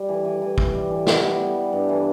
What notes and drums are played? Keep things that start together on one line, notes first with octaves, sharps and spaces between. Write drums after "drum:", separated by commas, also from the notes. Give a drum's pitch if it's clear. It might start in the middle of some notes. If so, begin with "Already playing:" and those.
Already playing: G3
E3
E3
E3
E3, drum: kick
G3
E3
B3, drum: snare
G3
B3
G3
G2
E3